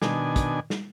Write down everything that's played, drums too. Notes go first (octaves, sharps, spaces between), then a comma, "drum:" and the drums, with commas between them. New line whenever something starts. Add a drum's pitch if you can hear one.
B2 D#3 D4 G#5, drum: snare
drum: kick, hi-hat
drum: snare